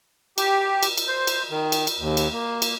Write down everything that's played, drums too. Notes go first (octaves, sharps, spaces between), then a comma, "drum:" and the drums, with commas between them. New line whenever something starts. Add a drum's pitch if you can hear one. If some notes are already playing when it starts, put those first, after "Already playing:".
G4, drum: cymbal
drum: cymbal
drum: cymbal
C5
drum: cymbal
D#3
drum: cymbal
drum: cymbal
D#2
drum: cymbal
A#3
drum: cymbal